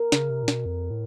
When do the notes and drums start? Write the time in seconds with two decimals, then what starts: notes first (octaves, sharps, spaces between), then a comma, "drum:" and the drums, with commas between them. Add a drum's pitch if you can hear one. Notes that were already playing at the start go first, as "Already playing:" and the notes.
Already playing: A#4
0.12 C#3, drum: snare
0.30 C3
0.43 A#2
0.48 B2, drum: snare
0.66 F2
0.90 A2